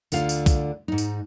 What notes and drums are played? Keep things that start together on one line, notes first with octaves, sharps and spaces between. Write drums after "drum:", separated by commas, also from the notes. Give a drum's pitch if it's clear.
D2 D3 F4 F5, drum: tambourine
drum: tambourine
drum: kick, tambourine
G#2 D#4
drum: tambourine